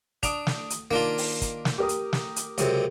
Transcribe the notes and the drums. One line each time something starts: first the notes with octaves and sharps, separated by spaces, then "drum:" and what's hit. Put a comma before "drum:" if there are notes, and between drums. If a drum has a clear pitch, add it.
D4 D#6 D7 F7, drum: kick, hi-hat
drum: snare
drum: hi-hat
D#3 A#3 D4 F4
drum: open hi-hat
drum: kick, hi-hat
drum: snare
G4 A#4 D#6
drum: hi-hat
drum: snare
drum: hi-hat
C#2 F#2 C3, drum: hi-hat